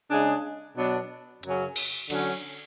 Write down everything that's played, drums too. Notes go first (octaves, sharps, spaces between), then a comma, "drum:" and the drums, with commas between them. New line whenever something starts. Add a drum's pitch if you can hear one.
C#3 G#3 D4 G#4
B2 F#3 B3 D4
F#2 C#3 F#3 C#4, drum: hi-hat
drum: cymbal
D3 F#3 C#4, drum: cymbal